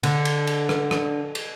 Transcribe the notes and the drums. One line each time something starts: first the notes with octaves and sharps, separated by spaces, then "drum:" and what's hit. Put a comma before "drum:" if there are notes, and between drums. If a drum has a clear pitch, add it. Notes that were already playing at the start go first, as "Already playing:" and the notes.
D3, drum: cymbal
drum: cymbal
drum: cymbal
drum: rim click
drum: rim click
drum: cymbal